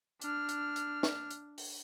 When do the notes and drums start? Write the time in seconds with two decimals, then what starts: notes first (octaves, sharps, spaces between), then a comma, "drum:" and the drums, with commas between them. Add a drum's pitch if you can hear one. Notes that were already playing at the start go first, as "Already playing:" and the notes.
0.21 D4 F6, drum: hi-hat
0.49 drum: hi-hat
0.76 drum: hi-hat
1.03 drum: snare
1.31 drum: hi-hat
1.58 drum: open hi-hat